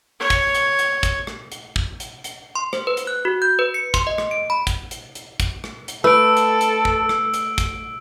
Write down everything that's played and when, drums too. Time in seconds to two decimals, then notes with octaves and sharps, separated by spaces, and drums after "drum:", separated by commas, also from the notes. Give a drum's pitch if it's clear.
0.20 C#5
0.30 drum: kick, hi-hat
0.55 drum: hi-hat
0.79 drum: hi-hat
1.03 drum: kick, hi-hat
1.27 drum: rim click
1.52 drum: hi-hat
1.76 drum: kick
2.00 drum: hi-hat
2.24 drum: hi-hat
2.56 C6
2.73 C5, drum: rim click
2.87 B4
2.97 drum: hi-hat
3.07 F#6
3.25 F#4
3.42 G6
3.59 B4
3.74 C#7
3.94 C6, drum: kick, hi-hat
4.07 D#5
4.18 drum: rim click
4.31 D7
4.50 B5
4.67 drum: kick, hi-hat
4.91 drum: hi-hat
5.15 drum: hi-hat
5.40 drum: kick, hi-hat
5.64 drum: rim click
5.88 drum: hi-hat
6.04 A3 A4 B4 E6 D7
6.37 drum: hi-hat
6.61 drum: hi-hat
6.85 drum: kick
7.09 drum: rim click
7.34 drum: hi-hat
7.58 drum: kick, hi-hat